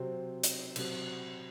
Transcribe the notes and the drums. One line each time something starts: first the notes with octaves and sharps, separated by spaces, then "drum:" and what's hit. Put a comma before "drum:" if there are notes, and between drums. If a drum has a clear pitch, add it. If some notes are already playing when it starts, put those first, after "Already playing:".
Already playing: C3 F#3 C4
drum: hi-hat
C3 F#3 C4, drum: cymbal